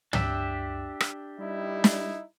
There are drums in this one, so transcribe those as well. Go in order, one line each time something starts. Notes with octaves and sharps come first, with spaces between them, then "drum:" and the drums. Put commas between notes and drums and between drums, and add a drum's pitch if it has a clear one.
D4 G4 E5, drum: tom
drum: rim click
G3 D#4 E4
drum: snare